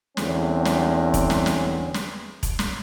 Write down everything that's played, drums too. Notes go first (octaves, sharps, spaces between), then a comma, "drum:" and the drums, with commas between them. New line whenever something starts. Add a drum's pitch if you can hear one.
E2 D3 G3 C4 C#4, drum: snare
drum: snare
drum: kick E1, hi-hat
drum: snare
drum: snare
drum: snare
drum: kick E1, hi-hat
drum: snare